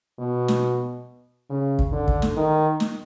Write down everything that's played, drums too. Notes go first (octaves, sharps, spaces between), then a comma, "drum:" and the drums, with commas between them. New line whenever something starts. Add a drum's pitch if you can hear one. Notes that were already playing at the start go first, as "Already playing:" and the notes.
B2
drum: snare
C#3
drum: kick
D3
drum: kick
drum: snare
D#3
drum: snare